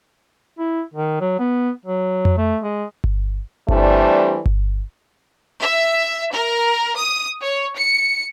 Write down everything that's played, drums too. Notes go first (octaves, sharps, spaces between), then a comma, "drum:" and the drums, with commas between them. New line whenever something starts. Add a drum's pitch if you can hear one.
E4
D#3
F#3
B3
F#3
drum: tom F2
A3
G#3
drum: kick G1
E3 G3 A3 C4 D4, drum: kick G1
drum: kick G1
E5
A#4
D#6
C#5
C#7